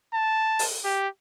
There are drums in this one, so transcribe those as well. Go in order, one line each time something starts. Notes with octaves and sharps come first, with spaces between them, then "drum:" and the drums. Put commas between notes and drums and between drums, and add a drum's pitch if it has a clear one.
A5
drum: open hi-hat
G4